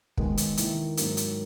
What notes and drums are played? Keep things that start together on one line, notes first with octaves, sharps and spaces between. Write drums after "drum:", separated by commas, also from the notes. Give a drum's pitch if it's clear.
D#2 D#3 G#3 B3, drum: kick
drum: hi-hat
D#2 D#3 A#3 E4, drum: hi-hat
G#2 F#3 A#3, drum: hi-hat
drum: hi-hat